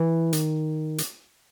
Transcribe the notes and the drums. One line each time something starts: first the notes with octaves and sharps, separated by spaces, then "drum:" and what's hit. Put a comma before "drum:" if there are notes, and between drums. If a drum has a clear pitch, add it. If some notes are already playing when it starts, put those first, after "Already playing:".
Already playing: E3
D#3, drum: hi-hat
drum: hi-hat